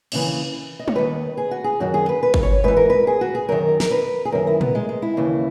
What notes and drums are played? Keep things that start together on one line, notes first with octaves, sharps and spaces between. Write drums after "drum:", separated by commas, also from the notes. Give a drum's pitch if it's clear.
D#2 C#3 E3, drum: cymbal
D#5
C#5, drum: tom
D#2 D#3 B4
G#4
F#4
G#4
F#2 D#3 F#4
G#4
B4
B4
drum: kick
C#5
G#2 E3 B4
A#4
B4
G#4
F#4
G#4
F#2 D#3 A#4
A#4, drum: snare
B4
G#4
F#2 D#3 A#4
E4
B3, drum: tom
G#3
G#3
E4
D#2 C#3 E3